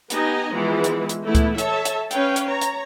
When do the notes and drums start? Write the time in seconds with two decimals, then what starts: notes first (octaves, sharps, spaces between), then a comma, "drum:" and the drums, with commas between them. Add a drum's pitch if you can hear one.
0.10 B3 D#4 G4 D#5 G#5 A#5, drum: hi-hat
0.52 E3 F3 G#3 B3 E4
0.84 drum: hi-hat
1.09 drum: hi-hat
1.24 E3 A3 B3 E4
1.35 drum: kick C#2, hi-hat
1.58 A4 C#5 E5 A5, drum: hi-hat
1.85 drum: hi-hat
2.11 C#4 B4 C#5 F5 G5, drum: hi-hat
2.36 drum: hi-hat
2.46 C#5 A#5
2.61 drum: hi-hat